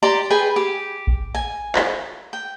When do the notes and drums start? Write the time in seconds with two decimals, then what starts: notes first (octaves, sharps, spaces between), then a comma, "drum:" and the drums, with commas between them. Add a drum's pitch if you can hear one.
0.03 G4 D5 A#5 C6
0.30 G#4 B4 G5 G#5
0.56 G4
1.07 drum: kick A1
1.35 G#5
1.75 drum: clap
2.33 G5